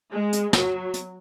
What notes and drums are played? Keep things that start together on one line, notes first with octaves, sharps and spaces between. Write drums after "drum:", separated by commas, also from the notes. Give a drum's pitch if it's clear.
G#3
drum: hi-hat
F#3, drum: snare
drum: hi-hat